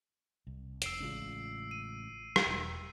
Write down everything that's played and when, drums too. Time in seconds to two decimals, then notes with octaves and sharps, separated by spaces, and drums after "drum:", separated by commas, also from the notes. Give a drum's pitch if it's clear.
0.47 C2
0.82 F1 E6 C7 D7, drum: hi-hat
1.00 A1 C#3 G#3 D4 F4
1.71 D#7
2.36 drum: rim click
2.46 E1 G5 A#5